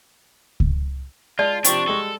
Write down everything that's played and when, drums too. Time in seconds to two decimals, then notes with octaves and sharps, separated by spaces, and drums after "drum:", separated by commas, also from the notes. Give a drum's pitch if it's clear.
0.60 drum: kick C#2
1.39 G#3 F4 D5 A5
1.64 C3 F3 C4 D4 C#6, drum: hi-hat
1.88 G3 G#3 A4